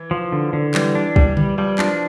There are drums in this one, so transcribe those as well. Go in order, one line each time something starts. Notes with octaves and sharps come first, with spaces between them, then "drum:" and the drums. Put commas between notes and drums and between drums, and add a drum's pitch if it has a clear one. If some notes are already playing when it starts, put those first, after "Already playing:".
Already playing: E3
F3
D3
D3
E3 G3, drum: clap
D4
G3, drum: kick
G3, drum: tom C#3
F3 G3
F3 D4, drum: clap